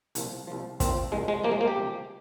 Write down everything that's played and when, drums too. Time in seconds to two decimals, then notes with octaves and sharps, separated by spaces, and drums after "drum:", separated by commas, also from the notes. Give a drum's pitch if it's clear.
0.15 C2 A#2 F3, drum: hi-hat
0.47 C2 A#2 F3
0.80 C2 A#2 F3 C4, drum: kick, hi-hat
1.12 C2 A#2 F3 G#3
1.28 G#3
1.44 C#2 C3 F3 A#3
1.52 G#3
1.61 A#3
1.68 G4
1.76 C#2 C3 F3